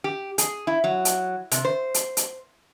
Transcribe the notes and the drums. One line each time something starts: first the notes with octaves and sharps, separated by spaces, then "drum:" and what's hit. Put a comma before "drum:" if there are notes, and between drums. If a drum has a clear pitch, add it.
G4
G#4, drum: hi-hat
E4
F#3
drum: hi-hat
C3, drum: hi-hat
C5
drum: hi-hat
drum: hi-hat